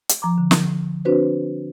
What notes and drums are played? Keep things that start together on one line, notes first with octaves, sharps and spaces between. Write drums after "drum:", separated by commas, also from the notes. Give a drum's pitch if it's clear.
drum: hi-hat
F3 A#5 D6
D3
drum: snare
C4 D4 F#4 B4 C5